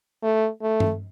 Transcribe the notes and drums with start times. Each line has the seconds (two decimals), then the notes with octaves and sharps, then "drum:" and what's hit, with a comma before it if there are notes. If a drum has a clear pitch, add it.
0.23 A3
0.62 A3
0.80 drum: tom G2